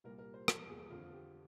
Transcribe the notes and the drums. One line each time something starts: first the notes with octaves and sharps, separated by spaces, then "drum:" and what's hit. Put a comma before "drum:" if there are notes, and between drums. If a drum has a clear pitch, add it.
C2 A#2 G3 A#4
A#4
C5
A#4, drum: rim click
G#4
F2 D3 F3 F4
F4
G4